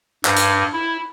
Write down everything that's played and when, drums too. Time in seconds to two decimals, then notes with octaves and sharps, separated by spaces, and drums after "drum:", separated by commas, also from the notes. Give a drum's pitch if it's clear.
0.25 G2, drum: clap
0.36 drum: hi-hat
0.73 E4